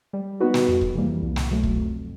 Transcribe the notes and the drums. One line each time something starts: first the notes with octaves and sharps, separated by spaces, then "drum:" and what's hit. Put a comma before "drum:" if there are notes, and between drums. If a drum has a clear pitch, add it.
G3
B3 D#4 F#4 B4
drum: snare
F2
drum: kick
C3 E3 G3 A#3
C2
drum: snare
B2 F#3 A3
drum: kick
F2